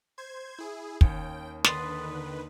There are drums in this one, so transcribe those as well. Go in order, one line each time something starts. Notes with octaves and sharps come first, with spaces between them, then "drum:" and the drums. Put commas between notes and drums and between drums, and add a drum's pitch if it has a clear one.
C5 G#6
E4 G#4
D#2 C#4 G5, drum: kick
D3 D#3 B4 C6 D#6 A6, drum: snare